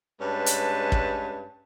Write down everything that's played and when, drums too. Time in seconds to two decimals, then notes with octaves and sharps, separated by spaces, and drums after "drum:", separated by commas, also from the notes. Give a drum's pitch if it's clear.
0.21 G2 G#3 C#4 B4 A5
0.46 drum: hi-hat
0.92 drum: kick